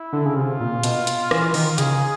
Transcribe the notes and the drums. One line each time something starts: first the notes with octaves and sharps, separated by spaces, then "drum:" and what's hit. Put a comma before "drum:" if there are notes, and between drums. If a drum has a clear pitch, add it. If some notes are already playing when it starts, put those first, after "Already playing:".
Already playing: E4
D3
C#3
C3 F4
A#2
B2, drum: hi-hat
drum: hi-hat
E3, drum: rim click
D#3, drum: open hi-hat
C#3 G#4, drum: hi-hat